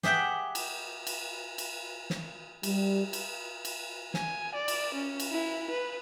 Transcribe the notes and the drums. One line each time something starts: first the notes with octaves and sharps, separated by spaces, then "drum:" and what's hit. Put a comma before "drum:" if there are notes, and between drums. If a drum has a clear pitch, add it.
G4 G#4 E5 F#5 G5, drum: snare
drum: cymbal
drum: cymbal
drum: cymbal
drum: snare
G3, drum: cymbal
drum: cymbal
drum: cymbal
G#5, drum: snare
D5
drum: cymbal
C#4
drum: cymbal
E4
B4